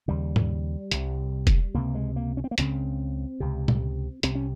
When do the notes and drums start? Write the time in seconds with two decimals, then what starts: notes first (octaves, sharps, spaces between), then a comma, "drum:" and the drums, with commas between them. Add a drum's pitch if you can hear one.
0.08 D#2 C#3 G3
0.36 drum: tom G#2
0.91 C2 C3, drum: hi-hat
1.47 drum: kick E1, hi-hat
1.74 C#2 C3 A#3
1.95 G#3
2.16 A#3
2.37 C#4
2.44 C4
2.51 A#3
2.58 C#2 C#3 C4, drum: hi-hat
3.40 C#2 C3
3.68 drum: tom A#2
4.23 C2 C3 C4, drum: hi-hat
4.35 C#4